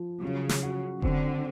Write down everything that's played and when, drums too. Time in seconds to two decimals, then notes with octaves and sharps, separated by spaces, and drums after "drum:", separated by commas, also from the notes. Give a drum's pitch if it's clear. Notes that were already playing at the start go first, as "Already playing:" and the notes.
Already playing: F3
0.22 C#3 F#3
0.49 drum: snare
0.63 F#4
1.02 D3 C4, drum: kick F1